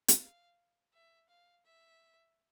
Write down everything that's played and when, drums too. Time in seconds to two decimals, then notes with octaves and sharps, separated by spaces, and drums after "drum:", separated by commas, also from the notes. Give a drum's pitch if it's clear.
0.08 drum: hi-hat
0.20 F5
0.93 E5
1.29 F5
1.65 E5